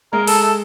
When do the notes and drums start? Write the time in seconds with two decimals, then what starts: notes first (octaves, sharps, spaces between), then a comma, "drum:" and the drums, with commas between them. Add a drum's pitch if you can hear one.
0.13 G#3 A#4
0.27 A4, drum: open hi-hat
0.42 A4